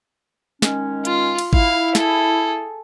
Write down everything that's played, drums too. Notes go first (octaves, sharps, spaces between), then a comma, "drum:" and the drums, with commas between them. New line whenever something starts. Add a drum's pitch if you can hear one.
D#3 G#3 C#4, drum: snare
F4, drum: hi-hat
drum: cymbal
E4 F5, drum: kick G#1
G#4 A4, drum: snare